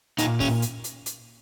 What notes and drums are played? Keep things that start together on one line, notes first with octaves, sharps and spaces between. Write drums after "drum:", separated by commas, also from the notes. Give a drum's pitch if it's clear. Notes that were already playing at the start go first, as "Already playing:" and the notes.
A#2 D#4, drum: hi-hat
C#4, drum: kick, open hi-hat
drum: hi-hat
drum: hi-hat
drum: hi-hat